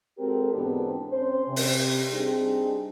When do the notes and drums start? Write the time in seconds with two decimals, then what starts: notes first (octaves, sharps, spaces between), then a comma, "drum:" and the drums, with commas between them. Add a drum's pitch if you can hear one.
0.18 G#3 C4 F#4 G4 A4 A#4
0.53 G#2 B2 E3 B3 C4 D4
1.11 C4 C#4 C5
1.47 C3
1.56 drum: open hi-hat
2.11 G3 C4 D4 D#4 G#4